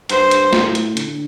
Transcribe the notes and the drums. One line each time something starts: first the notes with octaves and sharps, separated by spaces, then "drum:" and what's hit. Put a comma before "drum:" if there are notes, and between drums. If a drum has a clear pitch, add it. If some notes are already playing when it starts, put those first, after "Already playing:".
G2 C5, drum: hi-hat
drum: hi-hat
A2, drum: snare
drum: hi-hat
D3, drum: hi-hat